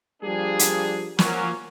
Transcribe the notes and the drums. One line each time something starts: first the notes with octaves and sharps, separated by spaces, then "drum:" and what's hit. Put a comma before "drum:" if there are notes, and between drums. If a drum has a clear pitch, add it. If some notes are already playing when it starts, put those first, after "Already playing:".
F3 G3 A#3 D4 G#4
drum: hi-hat
F3 F#3 A#3 C#4, drum: snare